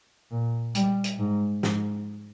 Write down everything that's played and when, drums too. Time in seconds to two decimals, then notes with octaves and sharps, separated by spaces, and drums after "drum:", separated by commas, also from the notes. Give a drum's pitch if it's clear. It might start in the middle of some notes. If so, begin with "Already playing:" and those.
0.31 A#2
0.75 G3, drum: hi-hat
1.04 drum: hi-hat
1.19 G#2
1.63 G#2, drum: snare